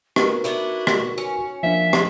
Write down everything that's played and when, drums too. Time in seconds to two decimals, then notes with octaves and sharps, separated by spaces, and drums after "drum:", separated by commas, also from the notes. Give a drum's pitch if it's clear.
0.16 D#4 F#4 A#4 B4, drum: rim click
0.44 B3 D4 E4
0.87 drum: rim click
1.18 C#4
1.63 F3 A#3 D4 E5
1.93 drum: rim click